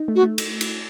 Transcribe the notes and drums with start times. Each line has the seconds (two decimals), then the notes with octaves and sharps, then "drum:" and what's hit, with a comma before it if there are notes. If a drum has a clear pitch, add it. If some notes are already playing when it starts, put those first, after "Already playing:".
Already playing: D#4
0.08 A3
0.16 F#4
0.23 A3
0.38 drum: cymbal
0.61 drum: cymbal